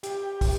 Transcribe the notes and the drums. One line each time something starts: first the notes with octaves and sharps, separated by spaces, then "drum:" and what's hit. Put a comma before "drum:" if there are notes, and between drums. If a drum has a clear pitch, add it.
G4, drum: hi-hat
drum: kick, open hi-hat